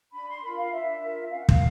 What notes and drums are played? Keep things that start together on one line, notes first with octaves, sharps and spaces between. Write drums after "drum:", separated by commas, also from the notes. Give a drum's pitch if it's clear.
D4 B5
C6
F4 A#4 B5
F5
D4 E5
F4 A#4
C#4 F5
F#5
F5, drum: kick